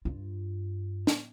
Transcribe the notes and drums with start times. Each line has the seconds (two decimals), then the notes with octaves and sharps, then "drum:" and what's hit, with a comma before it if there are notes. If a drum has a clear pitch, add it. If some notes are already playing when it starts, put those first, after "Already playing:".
0.05 G2 F4
1.07 drum: snare